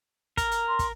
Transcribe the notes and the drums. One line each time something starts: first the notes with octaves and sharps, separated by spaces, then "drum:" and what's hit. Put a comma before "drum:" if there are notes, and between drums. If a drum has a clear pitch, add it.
A#4, drum: kick, hi-hat
drum: hi-hat
C6
drum: kick, hi-hat